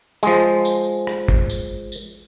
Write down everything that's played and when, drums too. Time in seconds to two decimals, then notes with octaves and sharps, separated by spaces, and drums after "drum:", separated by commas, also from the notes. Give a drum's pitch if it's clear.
0.23 F3 G#3, drum: tambourine
0.65 drum: tambourine
1.07 drum: rim click
1.28 drum: kick G1
1.50 drum: tambourine
1.92 drum: tambourine